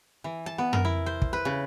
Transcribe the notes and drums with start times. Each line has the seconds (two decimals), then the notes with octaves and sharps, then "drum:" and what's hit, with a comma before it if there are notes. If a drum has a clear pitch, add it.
0.24 E3
0.46 A5
0.58 B3
0.73 A#4, drum: tom
0.85 E4
1.06 C5
1.22 drum: kick
1.33 B4
1.45 C#3